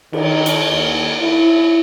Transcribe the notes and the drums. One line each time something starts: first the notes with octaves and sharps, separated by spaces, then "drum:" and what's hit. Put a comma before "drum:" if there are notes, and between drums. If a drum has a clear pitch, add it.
D#3, drum: cymbal
drum: hi-hat
D#2
E4